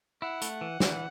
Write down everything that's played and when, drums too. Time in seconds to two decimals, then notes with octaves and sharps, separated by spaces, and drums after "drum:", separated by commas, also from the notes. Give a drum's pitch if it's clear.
0.22 E4 F#5
0.42 A3, drum: hi-hat
0.61 E3
0.80 E3, drum: snare